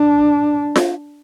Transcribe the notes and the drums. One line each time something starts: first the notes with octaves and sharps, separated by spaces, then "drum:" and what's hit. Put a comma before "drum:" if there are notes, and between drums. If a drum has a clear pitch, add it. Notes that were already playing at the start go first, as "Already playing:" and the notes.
Already playing: D4
drum: snare F4